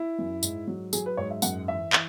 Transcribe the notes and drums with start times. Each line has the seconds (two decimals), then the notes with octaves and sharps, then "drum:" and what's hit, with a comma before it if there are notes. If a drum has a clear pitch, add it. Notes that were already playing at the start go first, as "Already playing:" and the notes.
Already playing: E4
0.19 F#2
0.43 G#2, drum: tambourine
0.67 F#3
0.93 F#3 G#4, drum: tambourine
1.06 B4
1.17 G#2 C#5
1.31 E5
1.42 F#2 F#5, drum: tambourine
1.68 E3 E5
1.93 E3, drum: clap